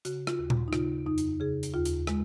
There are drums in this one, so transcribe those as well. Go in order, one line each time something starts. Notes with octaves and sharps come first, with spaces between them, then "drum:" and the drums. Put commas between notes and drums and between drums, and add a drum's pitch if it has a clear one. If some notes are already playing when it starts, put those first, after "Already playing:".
C#3 F#4, drum: hi-hat
F4, drum: rim click
D#2
drum: tom A#2
D#4
C#3 F4, drum: rim click
F2 D#4
drum: hi-hat
C#3 G#4
drum: hi-hat
D#2 F4
drum: hi-hat
G#3, drum: rim click